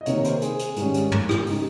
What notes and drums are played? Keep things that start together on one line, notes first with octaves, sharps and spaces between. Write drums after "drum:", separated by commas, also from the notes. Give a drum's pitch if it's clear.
D#5
C3 D#3 A#3 C#5, drum: hi-hat
C5, drum: hi-hat
G#4, drum: hi-hat
drum: hi-hat
G#2 D#3 G3 C#4, drum: hi-hat
drum: hi-hat
drum: tom
drum: rim click
C#3 G#3 D#4 G4, drum: open hi-hat